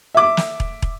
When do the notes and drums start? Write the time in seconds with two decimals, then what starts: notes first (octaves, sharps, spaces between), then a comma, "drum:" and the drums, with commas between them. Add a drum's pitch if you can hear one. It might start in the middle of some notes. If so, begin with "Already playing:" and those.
0.15 E5 D6
0.37 drum: snare
0.60 drum: kick
0.82 drum: kick